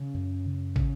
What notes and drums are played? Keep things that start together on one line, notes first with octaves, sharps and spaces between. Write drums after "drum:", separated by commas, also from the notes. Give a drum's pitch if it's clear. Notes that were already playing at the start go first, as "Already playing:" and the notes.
Already playing: C#3 C#4
F#2
C#3
C#3, drum: kick